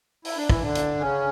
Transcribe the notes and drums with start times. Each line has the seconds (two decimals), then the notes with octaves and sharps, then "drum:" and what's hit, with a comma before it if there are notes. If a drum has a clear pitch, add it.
0.25 E4, drum: open hi-hat
0.37 D4
0.50 E3 E4, drum: kick
0.62 D3 D4
0.75 drum: hi-hat
1.00 C#3 C#4